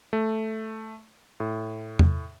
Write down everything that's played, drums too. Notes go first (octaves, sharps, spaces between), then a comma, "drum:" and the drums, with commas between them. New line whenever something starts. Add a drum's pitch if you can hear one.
A3
A2
drum: tom E2